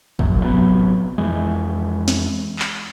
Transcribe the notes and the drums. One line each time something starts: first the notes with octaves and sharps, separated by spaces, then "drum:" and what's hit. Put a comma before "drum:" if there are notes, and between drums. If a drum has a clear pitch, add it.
F1 F#2 A#2, drum: kick
A1 C3 F#3 B3
F2 E3 G#3
drum: snare
drum: clap